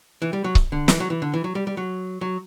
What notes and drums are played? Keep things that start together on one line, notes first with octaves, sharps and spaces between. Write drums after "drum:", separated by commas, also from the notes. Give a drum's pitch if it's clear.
E3
G3
F#3
drum: kick C#1
D3
E3, drum: snare
F#3
E3
D3
E3
F#3
G3
G3
F#3
F#3